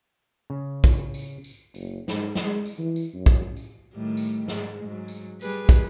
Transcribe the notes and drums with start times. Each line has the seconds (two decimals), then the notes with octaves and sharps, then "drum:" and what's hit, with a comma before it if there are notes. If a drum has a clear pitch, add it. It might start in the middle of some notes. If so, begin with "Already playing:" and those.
0.50 C#3
0.84 drum: kick, tambourine
1.14 drum: tambourine
1.44 drum: tambourine
1.75 F#1, drum: tambourine
2.08 G#2, drum: snare
2.35 drum: snare
2.45 G#3
2.66 drum: tambourine
2.78 E3
2.96 drum: tambourine
3.14 F#2
3.26 drum: kick, tambourine
3.57 drum: tambourine
3.94 A2 D#3 G3
4.17 drum: tambourine
4.48 G#2 G#3, drum: snare
4.85 G#2 F#3
5.08 drum: tambourine
5.41 G3 G#4 B4, drum: tambourine
5.69 drum: kick, tambourine